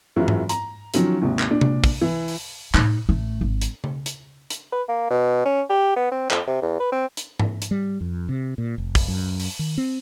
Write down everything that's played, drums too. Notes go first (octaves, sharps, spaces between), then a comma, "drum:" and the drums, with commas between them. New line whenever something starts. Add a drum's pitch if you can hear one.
F#2 E3 G#3 F4 F#4
drum: tom G#2
A#5, drum: hi-hat
D#3 F3 F#3 C#4, drum: hi-hat
G#1 D#2 C3
drum: clap
A#2 D4
drum: tom C3
drum: kick, open hi-hat
E3
drum: open hi-hat
A2 D#4, drum: clap
A1 A3
G#1
drum: hi-hat
drum: tom C#3
drum: hi-hat
drum: hi-hat
B4
A#3
B2
C#4
G4
B3
C4
F2, drum: clap
C3
E2
B4
C4
drum: hi-hat
drum: tom G#2
drum: hi-hat
G3
F2
C3
A#2
F1
drum: kick, open hi-hat
F#2
drum: open hi-hat
D#3
C4